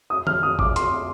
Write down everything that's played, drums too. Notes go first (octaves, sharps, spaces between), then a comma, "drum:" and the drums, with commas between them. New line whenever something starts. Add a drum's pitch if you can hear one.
D#6
F6, drum: tom
D#6
D6, drum: kick G#1
C6, drum: hi-hat